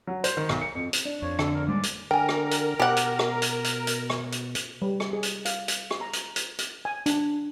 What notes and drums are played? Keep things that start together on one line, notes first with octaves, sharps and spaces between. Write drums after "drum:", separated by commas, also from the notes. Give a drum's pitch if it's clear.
F#3
C5, drum: hi-hat
D#3
B1, drum: rim click
C#7
F2
drum: hi-hat
D4
F2 C#5
D3 A4, drum: rim click
A#4
G#2 G3 G#3 A#3 D5
drum: hi-hat
D3 A#4 G5 G#5
drum: rim click
drum: hi-hat
B2 G4 F#5
drum: hi-hat
drum: rim click
drum: hi-hat
drum: hi-hat
drum: hi-hat
drum: rim click
drum: hi-hat
drum: hi-hat
G3
drum: rim click
G#4
drum: hi-hat
F5, drum: hi-hat
drum: hi-hat
drum: rim click
A#5
drum: hi-hat
drum: hi-hat
drum: hi-hat
G#5
D4, drum: hi-hat